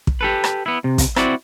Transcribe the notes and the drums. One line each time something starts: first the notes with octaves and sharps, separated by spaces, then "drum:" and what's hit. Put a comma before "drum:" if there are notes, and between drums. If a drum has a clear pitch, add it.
drum: kick
G4 A4 B4
drum: rim click
B3 E4
C3
drum: kick, hi-hat
C4 E4 F#4 D5, drum: rim click